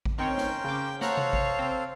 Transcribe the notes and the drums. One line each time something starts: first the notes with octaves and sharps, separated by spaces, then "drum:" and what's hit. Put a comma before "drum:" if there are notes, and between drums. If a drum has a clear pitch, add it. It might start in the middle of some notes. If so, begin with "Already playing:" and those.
drum: kick G#1
D#3 C4 C#4 A#4 C5 C#5 G5
drum: snare
C#3 D6
A4 C5 C#5 F5 F#5 A#5 F#6, drum: snare
drum: tom C3
drum: kick G#1
C4